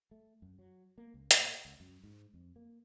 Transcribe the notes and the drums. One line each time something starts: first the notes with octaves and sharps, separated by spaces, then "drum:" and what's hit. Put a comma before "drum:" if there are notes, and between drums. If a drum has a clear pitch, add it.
A3
F#2
F#3
A#3
C#2
A#2, drum: hi-hat
C#2
F#2
G#2
F2
A#3